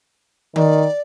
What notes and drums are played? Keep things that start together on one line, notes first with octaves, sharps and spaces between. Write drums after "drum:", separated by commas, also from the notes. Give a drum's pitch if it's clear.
D#3 D5, drum: tom D#3